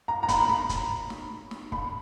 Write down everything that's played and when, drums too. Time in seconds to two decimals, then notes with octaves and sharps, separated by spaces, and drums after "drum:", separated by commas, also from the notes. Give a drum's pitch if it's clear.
0.08 A#5
0.23 A#5
0.28 B5, drum: kick, hi-hat
0.49 B5, drum: snare
0.69 drum: kick, hi-hat
1.10 drum: snare
1.51 drum: snare
1.72 B5, drum: kick